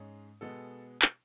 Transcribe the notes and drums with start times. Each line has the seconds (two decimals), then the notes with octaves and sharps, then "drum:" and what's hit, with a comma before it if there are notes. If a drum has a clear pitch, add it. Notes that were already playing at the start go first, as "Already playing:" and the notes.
Already playing: G#2 G#3 C#4
0.41 B2 G#3 B3 A4
1.02 drum: clap